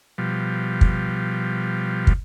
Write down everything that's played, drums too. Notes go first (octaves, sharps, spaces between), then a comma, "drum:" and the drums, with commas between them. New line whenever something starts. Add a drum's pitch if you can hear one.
B2 F3 G3
drum: kick
drum: kick